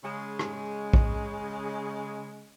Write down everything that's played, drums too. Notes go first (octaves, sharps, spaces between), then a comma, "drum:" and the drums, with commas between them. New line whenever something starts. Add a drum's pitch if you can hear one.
C#3 G#3
drum: rim click
drum: kick A#1